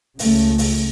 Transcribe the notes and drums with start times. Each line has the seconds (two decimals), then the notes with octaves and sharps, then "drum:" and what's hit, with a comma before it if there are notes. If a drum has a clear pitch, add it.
0.19 C#2 C#3 A3, drum: open hi-hat
0.58 drum: open hi-hat